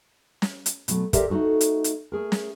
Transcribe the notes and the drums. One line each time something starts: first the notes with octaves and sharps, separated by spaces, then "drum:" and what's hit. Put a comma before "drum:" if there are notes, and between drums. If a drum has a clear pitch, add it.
drum: snare
drum: hi-hat
B2 F#3 A3, drum: hi-hat
G4 A4 A#4 C5 D5 E5, drum: kick, hi-hat
A3 D#4 F#4 A4
drum: hi-hat
drum: hi-hat
A3 G#4 A#4
drum: snare